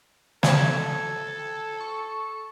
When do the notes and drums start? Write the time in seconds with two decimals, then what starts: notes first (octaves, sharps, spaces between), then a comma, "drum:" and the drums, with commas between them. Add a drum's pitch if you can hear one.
0.43 A4 G#6, drum: snare
1.80 C#6